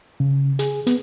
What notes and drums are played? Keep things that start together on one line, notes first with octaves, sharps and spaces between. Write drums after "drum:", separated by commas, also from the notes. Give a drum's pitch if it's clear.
C#3
G#4, drum: hi-hat
B3, drum: hi-hat